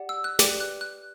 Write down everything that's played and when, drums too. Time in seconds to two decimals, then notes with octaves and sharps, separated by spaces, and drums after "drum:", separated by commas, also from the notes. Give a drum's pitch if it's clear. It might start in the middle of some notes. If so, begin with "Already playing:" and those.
Already playing: G4 D5 F#5
0.09 E6
0.24 F#6
0.39 G4 B4 D5 G5 D6, drum: snare
0.60 F#6
0.81 F#6